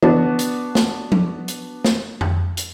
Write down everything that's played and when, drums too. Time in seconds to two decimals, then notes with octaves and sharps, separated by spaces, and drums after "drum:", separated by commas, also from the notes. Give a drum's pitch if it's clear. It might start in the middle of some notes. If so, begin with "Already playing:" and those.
0.03 B3 D4 F#4, drum: tom E3
0.39 drum: hi-hat
0.75 drum: snare
1.12 drum: tom F3
1.48 drum: hi-hat
1.85 drum: snare
2.21 drum: tom F2
2.57 drum: hi-hat